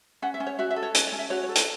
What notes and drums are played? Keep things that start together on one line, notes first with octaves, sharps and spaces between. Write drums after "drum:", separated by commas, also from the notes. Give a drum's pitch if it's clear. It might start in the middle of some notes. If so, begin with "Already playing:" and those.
C#4 F#5
E5
C#4
C#5
F#4 E5
E5
A4
C#5
C#4 C#5, drum: hi-hat
C#5
C#4
E5
F#4 C#5
C#5
A4
C#5, drum: hi-hat